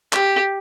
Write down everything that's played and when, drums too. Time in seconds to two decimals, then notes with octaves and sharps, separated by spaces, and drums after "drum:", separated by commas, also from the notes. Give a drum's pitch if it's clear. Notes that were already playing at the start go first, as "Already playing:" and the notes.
0.13 G4, drum: clap